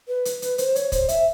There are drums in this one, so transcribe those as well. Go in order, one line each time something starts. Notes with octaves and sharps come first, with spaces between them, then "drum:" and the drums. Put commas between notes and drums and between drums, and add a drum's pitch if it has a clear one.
B4
drum: hi-hat
drum: hi-hat
C5, drum: hi-hat
C#5, drum: hi-hat
C5, drum: kick, hi-hat
E5, drum: hi-hat